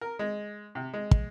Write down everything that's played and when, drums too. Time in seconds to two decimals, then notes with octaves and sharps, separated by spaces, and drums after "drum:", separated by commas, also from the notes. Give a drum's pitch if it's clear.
0.01 A#4
0.19 G#3
0.75 C3
0.94 G#3
1.11 drum: kick